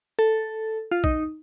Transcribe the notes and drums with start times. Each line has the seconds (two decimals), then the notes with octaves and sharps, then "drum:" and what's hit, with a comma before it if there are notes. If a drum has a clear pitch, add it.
0.19 A4
0.91 F4
1.04 D#4, drum: kick